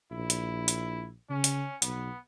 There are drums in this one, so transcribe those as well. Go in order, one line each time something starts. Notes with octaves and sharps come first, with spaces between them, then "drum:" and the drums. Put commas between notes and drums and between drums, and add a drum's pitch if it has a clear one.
A#1 E4
drum: hi-hat
drum: hi-hat
C#3 C#4
drum: hi-hat
B1 B3, drum: hi-hat